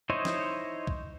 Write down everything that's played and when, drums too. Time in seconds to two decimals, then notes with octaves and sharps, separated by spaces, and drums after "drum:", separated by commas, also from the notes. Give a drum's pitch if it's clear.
0.10 D#4 E4 C5 C#5 D#5
0.25 drum: snare
0.87 drum: kick